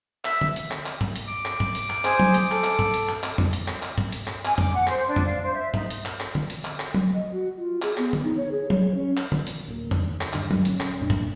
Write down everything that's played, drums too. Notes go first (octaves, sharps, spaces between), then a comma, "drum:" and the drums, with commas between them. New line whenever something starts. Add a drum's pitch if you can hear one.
E5, drum: clap
drum: tom
drum: hi-hat
drum: clap
drum: clap
drum: tom G2
drum: hi-hat
D6
drum: clap
drum: tom G2
drum: hi-hat
drum: clap
G#4 C5 G#5, drum: clap
drum: tom F#3
drum: hi-hat
A4, drum: clap
drum: clap
drum: tom G2
drum: hi-hat
drum: clap
drum: clap
drum: tom F2
drum: hi-hat
drum: clap
drum: clap
drum: tom G2
drum: hi-hat
drum: clap
G#5, drum: clap
D6, drum: tom F2
F#5
C5, drum: clap
D4
drum: tom F2
F5
C5
E5
D#4, drum: tom G2
drum: hi-hat
drum: clap
drum: clap
drum: tom
drum: hi-hat
drum: clap
drum: clap
drum: tom F#3
D#5
F#4
F4
G#4, drum: clap
B3, drum: clap
drum: tom
D#4
C#5
G#4
C#5, drum: tom F#3
C#4
drum: clap
drum: tom
drum: hi-hat
D1 A#3
drum: tom F2
D#2
drum: clap
G2 D3 D#3 G3, drum: clap
drum: tom F#3
D#1 C#4, drum: hi-hat
drum: clap
F2 A#2 G#3 D4
drum: tom G2